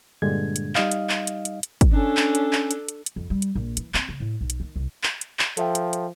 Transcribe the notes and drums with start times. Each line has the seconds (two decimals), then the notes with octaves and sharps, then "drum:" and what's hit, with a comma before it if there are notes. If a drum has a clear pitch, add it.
0.22 G2 A#2 D3 G#3 G#6
0.56 drum: hi-hat
0.75 G3 D#4 D#5 F5, drum: clap
0.92 drum: hi-hat
1.09 drum: clap
1.27 drum: hi-hat
1.45 drum: hi-hat
1.63 drum: hi-hat
1.81 drum: kick, hi-hat
1.92 C#4 D4 A4
2.17 drum: clap
2.35 drum: hi-hat
2.53 drum: clap
2.71 drum: hi-hat
2.89 drum: hi-hat
3.06 drum: hi-hat
3.16 F2
3.30 G3
3.42 drum: hi-hat
3.55 A#1
3.77 E3, drum: hi-hat
3.94 C4, drum: clap
4.09 C#3
4.20 A2
4.41 B1
4.50 drum: hi-hat
4.60 D#3
4.76 C2
5.03 drum: clap
5.21 drum: hi-hat
5.39 drum: clap
5.57 F3 A4 E5 G5, drum: hi-hat
5.75 drum: hi-hat
5.93 drum: hi-hat